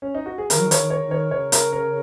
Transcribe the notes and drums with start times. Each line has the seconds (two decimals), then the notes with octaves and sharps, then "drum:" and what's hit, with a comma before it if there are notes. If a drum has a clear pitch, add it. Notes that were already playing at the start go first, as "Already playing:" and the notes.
0.02 C#4
0.15 D#4
0.26 F#4
0.38 G#4
0.50 D#3 A#4, drum: hi-hat
0.59 F#3
0.66 D#3
0.71 C#5, drum: hi-hat
0.78 D#3
0.90 C#5
1.04 D#3
1.11 C#5
1.31 C#3 C#5
1.52 A#4, drum: hi-hat
1.73 A#4